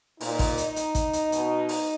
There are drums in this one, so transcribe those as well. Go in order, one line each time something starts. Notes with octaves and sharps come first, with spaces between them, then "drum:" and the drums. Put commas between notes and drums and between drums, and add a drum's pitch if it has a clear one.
A#2 D#4, drum: open hi-hat
drum: kick, open hi-hat
drum: hi-hat
drum: hi-hat
drum: kick, hi-hat
drum: hi-hat
B2, drum: hi-hat
drum: open hi-hat